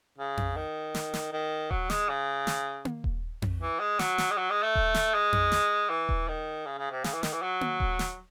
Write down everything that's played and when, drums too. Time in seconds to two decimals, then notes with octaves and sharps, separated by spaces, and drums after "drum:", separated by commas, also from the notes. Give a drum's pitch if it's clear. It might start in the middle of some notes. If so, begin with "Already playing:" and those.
0.18 C#3
0.37 drum: tom F2
0.56 D#3
0.95 drum: snare
1.14 drum: snare
1.32 D#3
1.71 F#3, drum: kick D#1
1.90 G#3, drum: snare
2.09 C#3
2.47 drum: snare
2.85 drum: tom A#3
3.04 drum: kick D#1
3.42 drum: tom F2
3.61 E3
3.80 G#3
3.99 F#3, drum: snare
4.18 drum: snare
4.31 G#3
4.37 F#3
4.50 G#3
4.63 A3
4.75 drum: kick D#1
4.94 drum: snare
5.14 G#3
5.33 drum: tom F2
5.52 drum: snare
5.90 E3
6.09 drum: kick D#1
6.28 D#3
6.66 C#3
6.78 C#3
6.91 C3
7.04 C#3, drum: snare
7.13 E3
7.23 D#3, drum: snare
7.33 E3
7.42 F#3
7.61 drum: tom A#3
7.80 drum: kick D#1
7.99 drum: snare